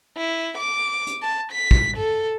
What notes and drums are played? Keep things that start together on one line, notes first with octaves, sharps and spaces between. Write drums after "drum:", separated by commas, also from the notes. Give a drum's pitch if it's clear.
E4
D6
drum: hi-hat
A5
B6
drum: kick
A4